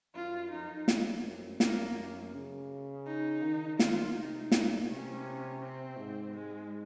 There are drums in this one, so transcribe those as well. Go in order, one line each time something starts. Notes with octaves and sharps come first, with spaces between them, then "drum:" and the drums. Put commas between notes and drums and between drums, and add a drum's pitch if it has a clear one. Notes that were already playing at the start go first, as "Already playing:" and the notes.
F#2 F4
F2 D#4
drum: snare
F#2
F#2 A#3, drum: snare
C#3
D#4
D#3
D#3 F4, drum: snare
C3 D#4
A#2, drum: snare
C3 C#4
C4
G#2
G#3